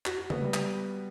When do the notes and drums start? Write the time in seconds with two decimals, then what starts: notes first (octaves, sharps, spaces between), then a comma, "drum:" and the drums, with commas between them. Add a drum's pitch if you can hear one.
0.06 F#4, drum: clap
0.18 F#4
0.30 B3, drum: tom C#3
0.42 G3
0.54 drum: clap